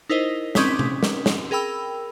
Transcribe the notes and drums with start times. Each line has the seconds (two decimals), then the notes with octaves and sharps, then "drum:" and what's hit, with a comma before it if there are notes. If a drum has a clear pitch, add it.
0.09 D#4 E4 A#4 C5 D#5
0.55 C4 C#4 D6 D#6 B6, drum: snare
0.79 drum: tom C3
1.03 drum: snare
1.26 drum: snare
1.51 G#4 A#4 G5 B5 E6